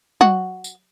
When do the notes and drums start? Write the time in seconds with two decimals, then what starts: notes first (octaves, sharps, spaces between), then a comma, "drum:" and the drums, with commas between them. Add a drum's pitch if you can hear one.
0.21 F#4, drum: tom F#3
0.64 drum: tambourine